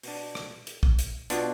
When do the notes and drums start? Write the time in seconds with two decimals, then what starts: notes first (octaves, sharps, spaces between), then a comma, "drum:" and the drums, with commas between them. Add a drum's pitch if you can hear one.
0.03 B2 B3 D4, drum: open hi-hat
0.35 drum: rim click
0.67 drum: hi-hat
0.83 drum: kick A#1
0.99 drum: hi-hat
1.30 B2 B3 D4 F4, drum: hi-hat